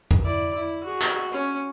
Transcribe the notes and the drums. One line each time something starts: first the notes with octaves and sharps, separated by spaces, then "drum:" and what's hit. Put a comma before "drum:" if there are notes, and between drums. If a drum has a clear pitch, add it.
drum: kick
E4 D5
E4
F#4 G#4
drum: clap
C#4